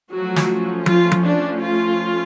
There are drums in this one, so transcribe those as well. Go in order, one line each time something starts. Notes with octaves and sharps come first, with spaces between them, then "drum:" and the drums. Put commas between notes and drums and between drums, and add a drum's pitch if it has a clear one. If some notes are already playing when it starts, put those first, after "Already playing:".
F3 F#3 A3 C#4 F#4
drum: snare
F4, drum: tom F3
drum: tom F3
D4
F4